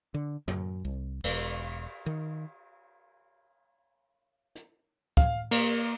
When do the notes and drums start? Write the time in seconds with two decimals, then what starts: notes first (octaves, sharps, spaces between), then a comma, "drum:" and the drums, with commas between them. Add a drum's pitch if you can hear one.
0.14 D3
0.48 F#2, drum: tom
0.85 C2
1.24 E1, drum: cymbal
2.06 D#3
4.55 drum: hi-hat
5.17 F5, drum: kick
5.51 A#3, drum: cymbal